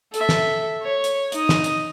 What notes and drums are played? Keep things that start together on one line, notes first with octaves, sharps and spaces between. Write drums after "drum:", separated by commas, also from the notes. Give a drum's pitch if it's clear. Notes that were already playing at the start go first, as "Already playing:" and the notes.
A4 E5, drum: hi-hat
drum: snare
C#5
drum: hi-hat
D#4 D#5, drum: hi-hat
drum: snare
drum: hi-hat